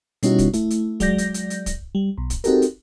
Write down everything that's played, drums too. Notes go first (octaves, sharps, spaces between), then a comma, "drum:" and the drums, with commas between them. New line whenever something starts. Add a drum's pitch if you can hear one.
B2 G3 C#4 D#4 E4 F#4, drum: hi-hat
drum: kick, hi-hat
A3 E4, drum: hi-hat
drum: hi-hat
F#3 G#3 D5 G6 A#6, drum: kick, hi-hat
drum: hi-hat
drum: hi-hat
drum: hi-hat
drum: kick, hi-hat
G3
B1
drum: kick, hi-hat
C4 D#4 F#4 G4 A4 A#4, drum: hi-hat
drum: hi-hat